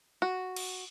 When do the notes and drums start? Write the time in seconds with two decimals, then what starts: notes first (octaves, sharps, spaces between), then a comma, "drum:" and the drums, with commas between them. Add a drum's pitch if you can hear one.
0.22 F#4
0.56 drum: cymbal